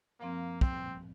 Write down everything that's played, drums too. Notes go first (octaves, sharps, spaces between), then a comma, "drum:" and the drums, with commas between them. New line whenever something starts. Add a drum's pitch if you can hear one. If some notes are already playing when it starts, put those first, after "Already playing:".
F#2 F3 A#3 C4
C4, drum: kick